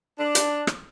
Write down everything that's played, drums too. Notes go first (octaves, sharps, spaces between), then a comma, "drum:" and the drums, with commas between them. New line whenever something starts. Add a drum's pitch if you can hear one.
D4
drum: hi-hat
drum: rim click